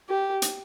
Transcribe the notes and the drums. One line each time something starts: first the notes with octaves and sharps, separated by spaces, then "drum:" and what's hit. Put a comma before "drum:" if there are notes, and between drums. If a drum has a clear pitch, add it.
G4
drum: hi-hat